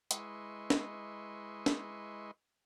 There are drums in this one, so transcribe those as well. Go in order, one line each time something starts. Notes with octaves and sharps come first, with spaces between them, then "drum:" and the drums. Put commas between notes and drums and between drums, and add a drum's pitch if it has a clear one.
G#3 E4 B4 D#5 C6 C#6, drum: hi-hat
drum: snare
drum: snare